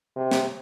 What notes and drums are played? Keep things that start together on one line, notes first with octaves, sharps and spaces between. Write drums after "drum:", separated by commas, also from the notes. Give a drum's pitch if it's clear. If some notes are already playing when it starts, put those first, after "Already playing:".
C3
drum: snare